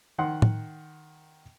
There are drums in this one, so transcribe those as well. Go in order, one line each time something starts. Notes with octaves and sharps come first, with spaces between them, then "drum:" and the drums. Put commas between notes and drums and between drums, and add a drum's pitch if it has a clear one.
D#3 F#5 C6
drum: tom